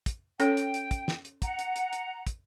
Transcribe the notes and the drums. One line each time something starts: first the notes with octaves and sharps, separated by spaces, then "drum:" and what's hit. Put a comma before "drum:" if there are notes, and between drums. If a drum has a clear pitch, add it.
drum: kick, hi-hat
C#4 A4 C#5 G5, drum: hi-hat
drum: hi-hat
drum: hi-hat
drum: kick, hi-hat
drum: snare
drum: hi-hat
F#5 A#5, drum: kick, hi-hat
drum: hi-hat
drum: hi-hat
drum: hi-hat
drum: kick, hi-hat